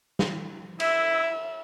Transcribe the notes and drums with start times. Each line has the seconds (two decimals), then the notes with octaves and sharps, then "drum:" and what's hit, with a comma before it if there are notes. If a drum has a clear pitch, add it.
0.19 drum: snare
0.80 E4 E5, drum: cymbal